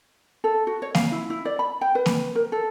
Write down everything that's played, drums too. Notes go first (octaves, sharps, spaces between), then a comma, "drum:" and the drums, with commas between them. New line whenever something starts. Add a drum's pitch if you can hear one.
A4
F#4
C#5
F5, drum: snare A#3
E4
E4
D5
B5
G5
B4
drum: snare A#3
A#4
A4